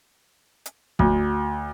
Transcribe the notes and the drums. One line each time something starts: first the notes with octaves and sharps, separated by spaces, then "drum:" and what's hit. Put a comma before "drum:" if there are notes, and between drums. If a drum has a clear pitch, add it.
drum: hi-hat
D2, drum: kick F1